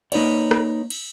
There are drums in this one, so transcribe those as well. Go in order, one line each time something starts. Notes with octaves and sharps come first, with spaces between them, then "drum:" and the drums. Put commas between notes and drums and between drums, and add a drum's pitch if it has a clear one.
A#3 D#4 B4 C#5 D5, drum: cymbal
drum: rim click
drum: cymbal